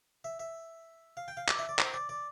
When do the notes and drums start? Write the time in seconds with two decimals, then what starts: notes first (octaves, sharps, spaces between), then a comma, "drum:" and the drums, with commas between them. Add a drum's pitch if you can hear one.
0.24 E5
0.39 E5
1.17 F5
1.28 G5
1.37 F5
1.49 D5, drum: clap
1.59 E5
1.69 D5
1.79 C5, drum: clap
1.94 D5
2.09 D5